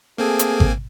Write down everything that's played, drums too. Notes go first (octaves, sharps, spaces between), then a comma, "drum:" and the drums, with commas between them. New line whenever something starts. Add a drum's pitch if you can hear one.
A3 A#3 C4 G#4 A4 G#5
drum: hi-hat
drum: kick G#1